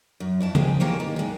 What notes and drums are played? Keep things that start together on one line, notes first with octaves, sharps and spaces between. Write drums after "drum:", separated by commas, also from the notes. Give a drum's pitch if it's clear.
F#2
F2 E4 A5
F3 G#3 G4 G#4, drum: tom C#3
D#3 E3 A#3 G4 C5 C#5
D#3
D#2 G#3